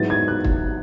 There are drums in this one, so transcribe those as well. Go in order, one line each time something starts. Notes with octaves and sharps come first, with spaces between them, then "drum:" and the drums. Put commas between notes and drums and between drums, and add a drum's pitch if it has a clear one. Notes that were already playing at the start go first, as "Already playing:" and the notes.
Already playing: G#2 F#3 B3 E4 A6
G#6
F#6
drum: kick